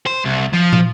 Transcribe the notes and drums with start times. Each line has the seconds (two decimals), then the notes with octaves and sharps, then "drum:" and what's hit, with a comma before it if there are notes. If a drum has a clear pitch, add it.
0.06 C5
0.25 C2
0.53 F3
0.73 drum: tom